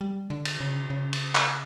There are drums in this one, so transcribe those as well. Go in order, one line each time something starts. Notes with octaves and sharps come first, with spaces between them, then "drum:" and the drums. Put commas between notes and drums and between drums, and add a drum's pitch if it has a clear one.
G3
D3
drum: cymbal
C#3
C#3
drum: cymbal
drum: clap